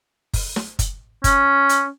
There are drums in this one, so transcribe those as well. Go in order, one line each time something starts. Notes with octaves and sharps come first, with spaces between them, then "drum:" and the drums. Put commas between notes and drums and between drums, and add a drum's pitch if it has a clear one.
drum: kick F#1, open hi-hat
drum: snare
drum: kick F#1, hi-hat
C#4, drum: kick F#1, hi-hat
drum: hi-hat